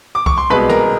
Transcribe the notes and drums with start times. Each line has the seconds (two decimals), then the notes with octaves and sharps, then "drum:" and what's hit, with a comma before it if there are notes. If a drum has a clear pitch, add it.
0.15 D6
0.26 C#6, drum: kick C2
0.38 C6
0.50 C2 B2 G#3 B4 B5
0.69 A#4 A#5, drum: tom